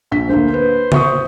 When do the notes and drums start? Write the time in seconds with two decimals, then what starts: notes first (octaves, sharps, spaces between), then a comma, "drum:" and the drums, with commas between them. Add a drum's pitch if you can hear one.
0.11 A#1 B6
0.29 D2 D3 A#3 C5
0.54 B4
0.92 E5 C#6 D#6, drum: tom C#3